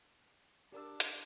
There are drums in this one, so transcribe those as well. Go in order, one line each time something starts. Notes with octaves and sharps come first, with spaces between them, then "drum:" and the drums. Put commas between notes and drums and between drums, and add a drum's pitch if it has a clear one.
D4 G4 A#4 E6
drum: hi-hat